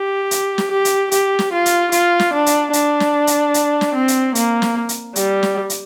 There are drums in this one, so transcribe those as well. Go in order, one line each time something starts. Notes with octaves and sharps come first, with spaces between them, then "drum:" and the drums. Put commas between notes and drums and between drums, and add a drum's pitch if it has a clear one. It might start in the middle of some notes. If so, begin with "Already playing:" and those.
Already playing: G4
drum: hi-hat
drum: snare
G4
drum: hi-hat
G4, drum: hi-hat
drum: snare
F4
drum: hi-hat
F4, drum: hi-hat
drum: snare
D4
drum: hi-hat
D4, drum: hi-hat
drum: snare
drum: hi-hat
drum: hi-hat
drum: snare
C4
drum: hi-hat
A#3, drum: hi-hat
drum: snare
drum: hi-hat
G3, drum: hi-hat
drum: snare
drum: hi-hat